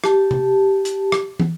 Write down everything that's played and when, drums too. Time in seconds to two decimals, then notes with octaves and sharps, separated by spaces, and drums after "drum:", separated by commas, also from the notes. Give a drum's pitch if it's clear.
0.04 G4 A5, drum: rim click
0.31 drum: tom C3
0.85 drum: hi-hat
1.12 drum: rim click
1.40 drum: tom